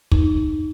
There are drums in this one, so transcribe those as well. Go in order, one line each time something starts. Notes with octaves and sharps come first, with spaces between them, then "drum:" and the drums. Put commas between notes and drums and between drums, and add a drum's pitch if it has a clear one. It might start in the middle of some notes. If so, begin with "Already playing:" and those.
D#4, drum: kick